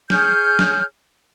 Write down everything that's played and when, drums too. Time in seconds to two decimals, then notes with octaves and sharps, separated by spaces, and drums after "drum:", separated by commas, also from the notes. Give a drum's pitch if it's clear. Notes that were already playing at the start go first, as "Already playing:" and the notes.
0.10 G#4 C#5 F6 G6, drum: snare
0.59 drum: snare